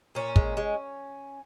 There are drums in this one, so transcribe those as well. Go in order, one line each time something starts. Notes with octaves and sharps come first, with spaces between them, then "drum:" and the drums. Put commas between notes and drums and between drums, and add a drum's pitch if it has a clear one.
A#2 C#4
G#3, drum: kick
G#3